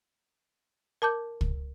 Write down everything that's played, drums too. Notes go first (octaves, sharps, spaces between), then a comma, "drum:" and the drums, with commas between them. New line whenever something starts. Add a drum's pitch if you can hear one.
A#4 A5 D6 G6
drum: kick